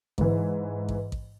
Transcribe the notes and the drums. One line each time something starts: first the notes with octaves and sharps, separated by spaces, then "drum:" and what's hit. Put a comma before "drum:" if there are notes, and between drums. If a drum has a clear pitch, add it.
G#2 E3, drum: kick A1
drum: kick A1
drum: kick A1